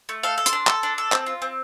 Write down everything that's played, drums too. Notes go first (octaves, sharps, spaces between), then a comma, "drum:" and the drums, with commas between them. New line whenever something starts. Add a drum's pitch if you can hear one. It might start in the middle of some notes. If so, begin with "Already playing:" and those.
A3
A4 F5
A4
C6, drum: hi-hat
D4
A4, drum: clap
D4
A4
C4, drum: clap
F4
C4